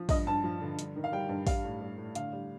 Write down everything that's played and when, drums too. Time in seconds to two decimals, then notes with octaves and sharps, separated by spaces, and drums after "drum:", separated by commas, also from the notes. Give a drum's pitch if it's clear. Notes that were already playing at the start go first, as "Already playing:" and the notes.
Already playing: F3
0.09 G2 D#5, drum: kick, open hi-hat
0.27 G2 A5
0.44 F3
0.62 D3
0.79 G2, drum: hi-hat
0.96 D#3
1.04 F5
1.12 G3 G5
1.29 G2
1.47 G3 F5, drum: kick, open hi-hat
1.64 A2
1.81 G3
1.98 A2
2.15 D3 F5, drum: hi-hat
2.33 G3